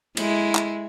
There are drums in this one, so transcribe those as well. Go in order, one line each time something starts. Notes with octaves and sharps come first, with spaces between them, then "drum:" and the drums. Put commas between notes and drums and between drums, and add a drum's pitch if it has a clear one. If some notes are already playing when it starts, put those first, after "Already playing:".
G#3 E4, drum: cymbal
drum: clap